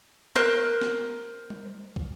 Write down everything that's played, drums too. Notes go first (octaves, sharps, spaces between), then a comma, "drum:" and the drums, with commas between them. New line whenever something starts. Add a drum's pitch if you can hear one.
A#4 C5 F#6, drum: snare
drum: snare
drum: tom G3
drum: kick